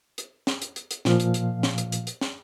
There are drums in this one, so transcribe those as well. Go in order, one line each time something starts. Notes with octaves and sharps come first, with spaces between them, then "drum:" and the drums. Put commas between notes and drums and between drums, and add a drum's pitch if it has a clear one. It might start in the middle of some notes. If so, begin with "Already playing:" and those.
drum: hi-hat
drum: snare
drum: hi-hat
drum: hi-hat
drum: hi-hat
A#2 F3 F5, drum: snare
drum: hi-hat
drum: hi-hat
drum: snare
drum: hi-hat
drum: hi-hat
drum: hi-hat
drum: snare